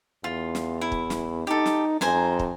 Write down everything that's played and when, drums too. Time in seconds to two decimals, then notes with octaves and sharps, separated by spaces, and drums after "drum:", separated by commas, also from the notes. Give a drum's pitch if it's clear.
0.24 E2 F4
0.55 drum: snare
0.81 E4
0.92 drum: kick
1.10 drum: snare
1.47 D#4 G4 A4
1.66 drum: snare
2.01 F2 C5 G#5 A#5, drum: snare
2.39 drum: kick